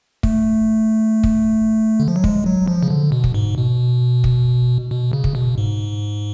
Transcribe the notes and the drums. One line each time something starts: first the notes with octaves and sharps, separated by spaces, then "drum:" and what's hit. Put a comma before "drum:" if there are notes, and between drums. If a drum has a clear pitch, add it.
A3, drum: kick
drum: kick
D3
F3
F#3
G#3, drum: kick
F#3
F3
C#3
D3
B2
drum: kick
G#2
B2
drum: kick
B2
C#3
drum: kick
B2
G#2